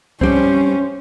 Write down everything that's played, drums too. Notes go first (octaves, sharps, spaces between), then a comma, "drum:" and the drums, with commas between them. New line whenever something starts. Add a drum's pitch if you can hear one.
G2 G3 C4 C#4 C5, drum: kick C2